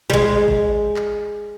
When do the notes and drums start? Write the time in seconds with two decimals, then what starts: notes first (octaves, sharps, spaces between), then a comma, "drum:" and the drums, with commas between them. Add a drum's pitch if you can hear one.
0.10 G3
0.13 G#3, drum: kick G#1
0.48 drum: kick G#1
0.96 drum: clap